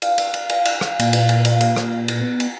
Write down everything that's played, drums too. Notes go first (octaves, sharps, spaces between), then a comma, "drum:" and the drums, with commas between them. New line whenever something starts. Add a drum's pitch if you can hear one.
F5, drum: cymbal
drum: cymbal
drum: cymbal
drum: cymbal
drum: cymbal
drum: rim click
A#2, drum: cymbal
drum: cymbal
drum: cymbal
drum: cymbal
drum: cymbal
drum: rim click
drum: cymbal
B3
drum: cymbal